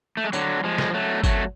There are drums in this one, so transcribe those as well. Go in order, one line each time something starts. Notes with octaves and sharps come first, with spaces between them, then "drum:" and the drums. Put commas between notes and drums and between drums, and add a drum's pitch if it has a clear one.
A3
G#3
D3 F#3, drum: tambourine
F3 G#3
drum: snare
F#3 A3
F#3 A3, drum: kick G1, tambourine